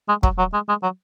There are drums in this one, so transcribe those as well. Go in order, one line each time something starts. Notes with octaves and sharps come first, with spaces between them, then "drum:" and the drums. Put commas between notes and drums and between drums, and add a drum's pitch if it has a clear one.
G#3
F#3, drum: kick
F#3
G#3
G#3
F#3